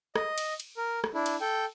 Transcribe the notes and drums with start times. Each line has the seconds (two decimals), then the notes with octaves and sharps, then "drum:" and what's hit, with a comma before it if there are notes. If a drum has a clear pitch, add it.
0.16 D#5, drum: rim click
0.38 drum: cymbal
0.60 drum: cymbal
0.77 A#4
1.04 drum: rim click
1.14 D4 E4
1.26 drum: cymbal
1.41 A4 G5